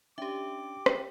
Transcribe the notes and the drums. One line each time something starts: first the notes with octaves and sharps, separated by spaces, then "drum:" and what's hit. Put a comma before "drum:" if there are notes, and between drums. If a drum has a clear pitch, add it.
C#4 D4 G4 E5 G5 D6
drum: rim click